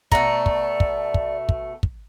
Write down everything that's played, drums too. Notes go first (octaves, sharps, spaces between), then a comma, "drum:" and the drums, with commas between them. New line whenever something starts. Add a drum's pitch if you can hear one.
B2 A3 D5 A#5, drum: kick
drum: kick
drum: kick
drum: kick
drum: kick
drum: kick